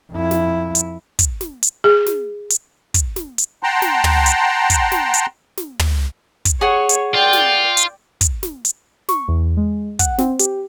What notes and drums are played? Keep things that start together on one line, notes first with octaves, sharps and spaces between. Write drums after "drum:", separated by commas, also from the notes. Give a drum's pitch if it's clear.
F2 E4
drum: snare
drum: hi-hat
drum: kick, hi-hat
drum: snare
drum: hi-hat
G#4
drum: snare
drum: hi-hat
drum: kick, hi-hat
drum: snare
drum: hi-hat
F#5 G5 A5 A#5 C6
drum: snare
drum: tom
drum: hi-hat
drum: kick, hi-hat
drum: snare
drum: hi-hat
drum: snare
drum: tom
drum: kick, hi-hat
G#4 C#5 F#5
drum: hi-hat
F4 D5 G5
drum: snare
drum: hi-hat
drum: kick, hi-hat
drum: snare
drum: hi-hat
C#6, drum: snare
E2
G#3
F#5, drum: kick, hi-hat
C4, drum: snare
G4, drum: hi-hat